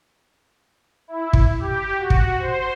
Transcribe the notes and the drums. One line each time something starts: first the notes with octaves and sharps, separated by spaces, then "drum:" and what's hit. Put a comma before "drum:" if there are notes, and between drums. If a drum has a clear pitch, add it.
E4
drum: kick
G4
F#4
drum: kick
C5